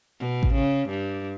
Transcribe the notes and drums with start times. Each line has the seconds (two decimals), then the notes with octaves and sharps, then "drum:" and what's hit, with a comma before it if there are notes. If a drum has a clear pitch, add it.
0.20 B2
0.43 drum: kick A1
0.54 C#3
0.89 G2